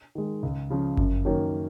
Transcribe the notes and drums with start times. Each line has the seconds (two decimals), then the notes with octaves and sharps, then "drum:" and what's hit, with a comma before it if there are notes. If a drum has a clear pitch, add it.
0.15 D#3 G#3
0.43 C#2
0.71 C#3 F3
0.97 F#2, drum: kick G1
1.25 D#3 F#3 A#3 C#4